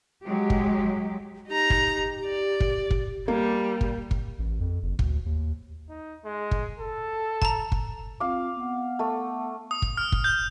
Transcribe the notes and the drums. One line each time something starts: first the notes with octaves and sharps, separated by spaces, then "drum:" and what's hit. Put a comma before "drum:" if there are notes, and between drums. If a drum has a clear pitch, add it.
F#3 G#3 G4
drum: kick
D#4 G4 A#5
drum: kick
D5
drum: kick
drum: kick
G3 A#3
drum: kick
drum: kick
A1
F2
F#1
D2, drum: kick
D#2
D#4
G#3
drum: kick
A4
A5 A#5, drum: kick
drum: kick
C4 F4 F5 D6
B3 F#5
A3
D#6
drum: kick
F6
drum: kick
G6